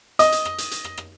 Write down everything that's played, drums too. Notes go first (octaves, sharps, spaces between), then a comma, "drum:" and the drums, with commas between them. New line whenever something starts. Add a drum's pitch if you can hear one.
D#5, drum: hi-hat
drum: hi-hat
drum: rim click
drum: hi-hat
drum: hi-hat
drum: rim click
drum: rim click